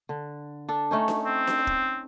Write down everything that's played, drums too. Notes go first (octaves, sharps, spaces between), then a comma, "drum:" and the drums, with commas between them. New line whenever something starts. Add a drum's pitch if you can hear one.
D3
D4 A4
A3 C#4 D#4
drum: snare D4
C4
drum: snare D4
drum: kick